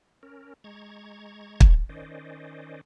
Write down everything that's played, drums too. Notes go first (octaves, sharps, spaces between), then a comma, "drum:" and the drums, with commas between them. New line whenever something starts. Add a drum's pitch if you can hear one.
C#4 A#4
G#3 A#5 C#6 G#6
drum: kick
D#3 C#4 C5 D5 D#5